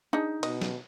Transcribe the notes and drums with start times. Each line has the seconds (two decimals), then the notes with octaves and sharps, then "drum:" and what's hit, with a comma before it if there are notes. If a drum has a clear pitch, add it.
0.13 D4 D#4 G#4
0.43 B2 D#5, drum: cymbal
0.61 drum: snare